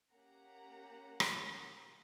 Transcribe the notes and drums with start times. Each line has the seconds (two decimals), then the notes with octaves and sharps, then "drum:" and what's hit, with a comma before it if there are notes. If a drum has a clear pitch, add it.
0.13 A#3 C#4 G4 F#5 A#5
1.20 drum: rim click